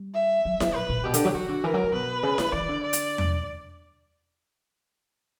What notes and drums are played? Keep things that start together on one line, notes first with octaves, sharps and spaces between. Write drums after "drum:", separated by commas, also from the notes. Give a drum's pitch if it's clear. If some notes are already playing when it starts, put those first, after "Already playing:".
Already playing: G3
E5
F#3
F#3, drum: snare E4
A#2 B4
A#2
B2 G4
D3, drum: hi-hat
F#3
E3 F#4
D3
E3 A#4
F#3
D3
B2 B4
C#3
F#3, drum: snare E4
E3 D5
D3
D5
drum: hi-hat
drum: tom E2